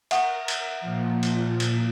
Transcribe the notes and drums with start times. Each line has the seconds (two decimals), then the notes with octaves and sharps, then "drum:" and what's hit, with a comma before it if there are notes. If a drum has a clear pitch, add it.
0.11 A#4 E5 F#5, drum: cymbal
0.48 drum: cymbal
0.81 A#2 F3
1.23 drum: cymbal
1.60 drum: cymbal